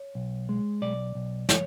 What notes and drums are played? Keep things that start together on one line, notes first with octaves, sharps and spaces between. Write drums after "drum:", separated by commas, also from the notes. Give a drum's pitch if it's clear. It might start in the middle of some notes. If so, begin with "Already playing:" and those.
Already playing: C#5
B1
G#3
B1 D5
B1
C#5, drum: snare